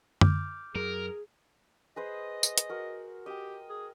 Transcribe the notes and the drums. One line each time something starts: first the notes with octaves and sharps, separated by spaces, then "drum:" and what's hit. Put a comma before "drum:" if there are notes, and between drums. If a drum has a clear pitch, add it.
D6 F6 G6, drum: tom F#2
F#2 F#3 G#4 A#4
G#4 B4 C5 D#5
drum: tambourine
drum: hi-hat
F#4 A#4
G4 D#5 G5
G#4